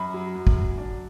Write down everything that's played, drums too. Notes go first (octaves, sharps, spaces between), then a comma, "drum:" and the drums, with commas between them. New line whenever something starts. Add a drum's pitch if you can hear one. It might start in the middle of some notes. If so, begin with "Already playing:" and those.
Already playing: F#2 B5
F#3
F#2
drum: kick
F#3
D4